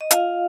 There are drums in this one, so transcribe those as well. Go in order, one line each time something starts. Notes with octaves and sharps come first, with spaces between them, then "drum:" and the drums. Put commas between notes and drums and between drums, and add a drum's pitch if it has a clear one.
D#5
F4 F5, drum: hi-hat